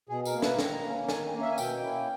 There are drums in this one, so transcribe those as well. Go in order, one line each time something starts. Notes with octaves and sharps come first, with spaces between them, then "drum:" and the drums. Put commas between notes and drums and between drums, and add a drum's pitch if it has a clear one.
B2 G#4
A#4, drum: tambourine
A#3 E4
B4, drum: snare
D#3 A#5, drum: snare
A#3 C#4
D#3 G#5, drum: snare
A#3
C#4 E5
G#5
B2 G5, drum: tambourine
A#3 C#4 E4